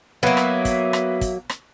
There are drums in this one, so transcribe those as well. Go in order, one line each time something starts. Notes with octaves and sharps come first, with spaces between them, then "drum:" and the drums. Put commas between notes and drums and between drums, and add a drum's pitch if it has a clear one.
F#3 A#3 B3 B4 E5 F5
drum: rim click
drum: kick, hi-hat
drum: rim click
drum: kick, hi-hat
drum: rim click